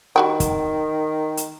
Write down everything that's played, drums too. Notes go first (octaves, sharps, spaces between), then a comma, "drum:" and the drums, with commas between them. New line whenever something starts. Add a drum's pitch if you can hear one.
D#3 G3 F#4 G5
drum: kick, hi-hat
drum: hi-hat